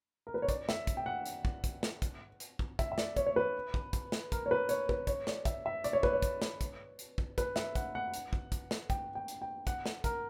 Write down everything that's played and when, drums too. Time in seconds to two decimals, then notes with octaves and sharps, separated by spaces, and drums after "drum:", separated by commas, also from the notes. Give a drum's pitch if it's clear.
0.27 A#4
0.34 B4
0.42 C#5
0.49 D5, drum: kick, hi-hat
0.69 E5, drum: snare
0.87 drum: kick, hi-hat
0.97 G5
1.06 F#5
1.26 drum: hi-hat
1.45 drum: kick
1.64 drum: kick, hi-hat
1.83 drum: snare
2.02 drum: kick, hi-hat
2.40 drum: hi-hat
2.59 drum: kick
2.79 E5, drum: kick, hi-hat
2.92 E5
2.98 D5, drum: snare
3.17 C#5, drum: kick, hi-hat
3.27 C#5
3.36 B4
3.74 drum: kick
3.93 drum: kick, hi-hat
4.12 drum: snare
4.32 A#4, drum: kick, hi-hat
4.46 C#5
4.51 B4
4.69 C#5, drum: hi-hat
4.89 B4, drum: kick
5.07 C#5, drum: kick, hi-hat
5.27 D5, drum: snare
5.45 E5, drum: kick, hi-hat
5.66 E5
5.84 D5, drum: hi-hat
5.93 C#5
6.03 B4, drum: kick
6.13 C#5
6.22 drum: kick, hi-hat
6.42 drum: snare
6.61 drum: kick, hi-hat
6.99 drum: hi-hat
7.18 drum: kick
7.38 B4, drum: kick, hi-hat
7.56 E5, drum: snare
7.75 F#5, drum: kick, hi-hat
7.95 F#5
8.14 drum: hi-hat
8.33 drum: kick
8.52 drum: kick, hi-hat
8.71 drum: snare
8.90 G5, drum: kick, hi-hat
9.15 G5
9.28 drum: hi-hat
9.42 G5
9.67 F#5, drum: kick, hi-hat
9.86 drum: snare
10.04 A#4, drum: kick, hi-hat